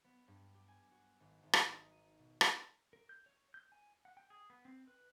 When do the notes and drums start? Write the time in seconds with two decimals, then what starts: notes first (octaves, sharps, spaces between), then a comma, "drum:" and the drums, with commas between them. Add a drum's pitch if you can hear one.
0.04 B3
0.28 G2
0.54 G4
0.68 G#5
0.91 F#4
1.20 G#1
1.43 G#1
1.53 drum: rim click
1.69 D#4
1.92 D#7
2.19 B2
2.41 drum: rim click
2.93 A#4
3.09 G6
3.26 C#5
3.54 G6
3.72 G#5
4.05 F#5
4.17 G5
4.30 G#4
4.50 B3
4.65 C4
4.88 B4